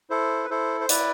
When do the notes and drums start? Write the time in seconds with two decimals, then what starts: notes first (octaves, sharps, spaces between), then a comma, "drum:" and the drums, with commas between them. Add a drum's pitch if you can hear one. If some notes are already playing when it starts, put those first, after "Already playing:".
0.10 E4 A4 C5
0.45 B4
0.50 E4 A4 C5
0.81 C5
0.89 E4 B4 D5, drum: hi-hat